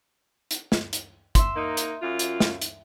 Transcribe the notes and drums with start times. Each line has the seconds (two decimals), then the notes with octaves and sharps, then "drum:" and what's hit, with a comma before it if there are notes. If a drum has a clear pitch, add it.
0.51 drum: hi-hat
0.72 drum: snare
0.93 drum: hi-hat
1.35 E5 C6, drum: kick, hi-hat
1.56 A#3 D#4
1.77 drum: hi-hat
2.02 F#2 F4
2.19 drum: hi-hat
2.40 drum: snare
2.62 drum: hi-hat